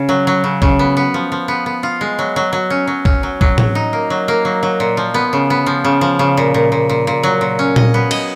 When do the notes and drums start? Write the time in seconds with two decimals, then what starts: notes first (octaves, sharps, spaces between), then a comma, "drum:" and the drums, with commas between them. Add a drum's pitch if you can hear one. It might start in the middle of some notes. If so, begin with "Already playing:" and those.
Already playing: C#3 C#4
0.09 F#3
0.27 F#3
0.44 C#3
0.62 C#3, drum: kick
0.79 B3
0.97 B3
1.14 F3
1.32 F3
1.48 B3
1.66 B3
1.83 F4
2.01 G#3
2.19 F#3
2.36 F#3
2.53 F#3
2.70 C#4
2.87 F#3
3.05 C#4, drum: kick
3.23 F#3
3.41 F#3, drum: kick
3.58 F#3, drum: tom A2
3.75 D#4
3.93 A#3
4.10 F#3
4.28 A#3
4.45 F#3
4.63 F#3
4.80 A#2
4.97 F3
5.14 B3
5.33 C#3
5.50 B3
5.66 F3
5.84 C#3
6.01 F3
6.19 C#3
6.37 A#2
6.54 A#2
6.72 A#2
6.89 A#2
7.07 A#2
7.23 F#3
7.41 A#2
7.59 C#4
7.76 D#5, drum: tom A#2
7.94 B3
8.11 D#5, drum: cymbal